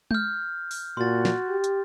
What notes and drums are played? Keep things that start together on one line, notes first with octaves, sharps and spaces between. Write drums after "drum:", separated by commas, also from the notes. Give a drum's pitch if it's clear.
F6 G6, drum: tom G#3
drum: open hi-hat
A#2 F#4 C6 A6
drum: snare
G4
drum: hi-hat